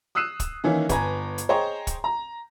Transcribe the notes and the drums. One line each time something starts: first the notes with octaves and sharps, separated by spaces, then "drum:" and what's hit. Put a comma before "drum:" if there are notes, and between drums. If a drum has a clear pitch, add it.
D#6 E6 F#6 C7 D#7 E7
drum: kick, hi-hat
D#3 E3 A#3 C#4 E4
G1 B4 G#5 A#5 G#6, drum: kick, hi-hat
drum: hi-hat
G#4 C5 C#5 D#5 G5 A#5
drum: kick, hi-hat
A#5